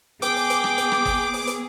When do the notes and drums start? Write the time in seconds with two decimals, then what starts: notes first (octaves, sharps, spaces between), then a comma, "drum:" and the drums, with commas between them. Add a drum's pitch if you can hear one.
0.22 B3 G#4 G5 D6, drum: hi-hat
0.36 drum: open hi-hat
0.50 drum: hi-hat
0.64 drum: rim click
0.78 drum: hi-hat
0.92 drum: rim click
1.06 drum: kick, open hi-hat
1.33 drum: open hi-hat
1.47 drum: hi-hat